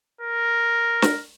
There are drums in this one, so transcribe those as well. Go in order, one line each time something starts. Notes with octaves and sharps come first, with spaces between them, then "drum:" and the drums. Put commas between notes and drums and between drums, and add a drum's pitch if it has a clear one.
A#4
drum: snare